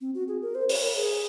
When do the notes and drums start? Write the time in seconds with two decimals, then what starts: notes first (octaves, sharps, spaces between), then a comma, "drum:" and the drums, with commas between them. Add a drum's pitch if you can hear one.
0.01 C4
0.14 F#4
0.28 G#4
0.42 A#4
0.55 C5
0.69 C#5, drum: open hi-hat
0.82 A#4
0.96 G#4